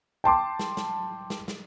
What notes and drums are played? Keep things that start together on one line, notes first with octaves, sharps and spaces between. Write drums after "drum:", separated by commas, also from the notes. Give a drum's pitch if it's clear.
G5 A5 C6 D6
drum: snare
drum: snare
drum: snare
drum: snare